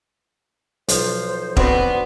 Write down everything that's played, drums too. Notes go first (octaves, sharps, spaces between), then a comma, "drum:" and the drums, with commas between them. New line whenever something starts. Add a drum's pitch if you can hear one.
B1 F3 C5, drum: hi-hat
B3 C4 D4 F#4, drum: kick E1